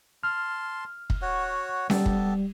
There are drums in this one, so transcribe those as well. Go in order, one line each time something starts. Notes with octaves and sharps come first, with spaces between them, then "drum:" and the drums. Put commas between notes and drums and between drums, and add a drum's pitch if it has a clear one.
A5 C6 F6
drum: kick
F#4 C#5 F#5
G3 B3 G4 A4, drum: snare C#4
drum: kick